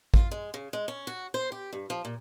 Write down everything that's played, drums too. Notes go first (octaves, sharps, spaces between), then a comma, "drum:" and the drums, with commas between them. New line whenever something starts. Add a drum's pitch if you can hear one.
F4, drum: kick A1
G#3
C#3
G#3
C#4
F#4
C5
G4
G2
F3
A#2